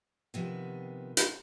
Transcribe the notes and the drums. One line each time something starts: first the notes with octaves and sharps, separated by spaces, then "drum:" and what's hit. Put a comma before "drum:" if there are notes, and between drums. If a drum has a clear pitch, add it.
C3 D#3 F3 B3
drum: hi-hat